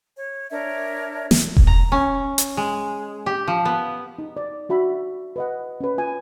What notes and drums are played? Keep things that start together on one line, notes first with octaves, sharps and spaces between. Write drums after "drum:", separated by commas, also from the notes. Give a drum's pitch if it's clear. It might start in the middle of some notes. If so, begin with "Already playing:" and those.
C#5
D4 A#4 C#5 E5
drum: snare
drum: kick E1
A#5
C#4
drum: hi-hat
G#3
G4
F3
B3
D#4
D5
D4 F#4 E5 B5
B4 D#5 F#5
C#4 B4
F4 G#5